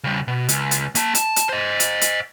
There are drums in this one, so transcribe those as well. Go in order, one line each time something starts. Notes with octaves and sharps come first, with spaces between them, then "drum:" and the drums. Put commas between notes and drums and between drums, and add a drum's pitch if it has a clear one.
C#3 G3
B2
C#2, drum: hi-hat
drum: hi-hat
A#3 A5, drum: hi-hat
A5, drum: hi-hat
drum: hi-hat
C5 D#5
drum: hi-hat
drum: hi-hat